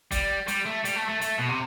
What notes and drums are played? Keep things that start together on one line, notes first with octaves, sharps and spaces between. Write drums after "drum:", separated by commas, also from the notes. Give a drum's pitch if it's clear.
G3, drum: kick, hi-hat
G3, drum: hi-hat
A3
G3, drum: hi-hat
A3
A3
A3, drum: hi-hat
B2
C3